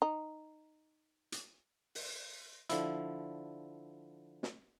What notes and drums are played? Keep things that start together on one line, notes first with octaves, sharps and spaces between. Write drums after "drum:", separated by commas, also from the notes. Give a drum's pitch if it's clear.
D#4
drum: hi-hat
drum: open hi-hat
D3 F3 E4, drum: hi-hat
drum: snare